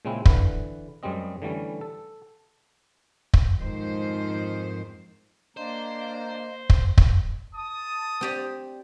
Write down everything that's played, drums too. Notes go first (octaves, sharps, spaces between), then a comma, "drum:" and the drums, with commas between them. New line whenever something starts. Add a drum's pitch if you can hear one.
A#2 C#3 G#3 A#3 C4 E4
D3 E3 B4 F5 F#5, drum: kick
F#2 G3 G#3 C4 D#5
D3 E3 G3 A3 C#4
A4
drum: kick
F2 G#2 D#3 C5
A#3 D4 C5 D#5 F5 A#5
drum: kick
drum: kick
A5 D#6
C4 G4 D5